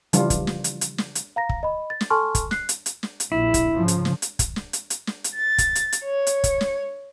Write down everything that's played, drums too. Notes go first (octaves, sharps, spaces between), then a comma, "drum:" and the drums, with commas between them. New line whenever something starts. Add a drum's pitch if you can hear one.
C#3 E3 F3 G3 D4 F4, drum: hi-hat
drum: kick, hi-hat
drum: snare
drum: hi-hat
drum: hi-hat
drum: snare
drum: hi-hat
F5 A#5 A#6
drum: kick
D#5 B5
A6
drum: snare
A4 G#5 A5 C6 C#6 F6
drum: kick, hi-hat
F#6 C7, drum: snare
drum: hi-hat
drum: hi-hat
drum: snare
drum: hi-hat
A#1 E4
drum: kick, hi-hat
G#2 C#3 F3
drum: hi-hat
drum: snare
drum: hi-hat
drum: kick, hi-hat
drum: snare
drum: hi-hat
drum: hi-hat
drum: snare
drum: hi-hat
A6
drum: kick, hi-hat
drum: hi-hat
drum: hi-hat
C#5
drum: hi-hat
drum: kick, hi-hat
drum: snare